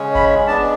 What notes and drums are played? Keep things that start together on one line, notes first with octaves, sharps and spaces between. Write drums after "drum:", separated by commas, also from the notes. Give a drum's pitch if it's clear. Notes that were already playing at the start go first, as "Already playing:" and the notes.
Already playing: C#3 G#3 C#4
B5, drum: kick F1
G#3 B3 D4 A5